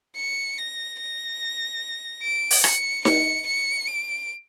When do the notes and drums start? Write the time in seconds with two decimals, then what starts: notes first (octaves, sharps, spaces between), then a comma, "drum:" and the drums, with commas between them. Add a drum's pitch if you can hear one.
0.16 C#7
0.58 A#6
0.99 A#6
2.23 D7
2.51 drum: open hi-hat
2.64 C#7, drum: rim click
3.05 C#7, drum: snare D#4
3.47 C#7
3.88 D7